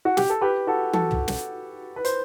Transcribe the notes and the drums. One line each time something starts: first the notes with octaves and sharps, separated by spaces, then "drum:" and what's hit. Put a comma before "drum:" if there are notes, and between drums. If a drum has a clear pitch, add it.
F#4
G4, drum: snare
A4
G4 B4
F#4 A4
F#4 A4, drum: tom
drum: tom
drum: snare
B4
C5, drum: hi-hat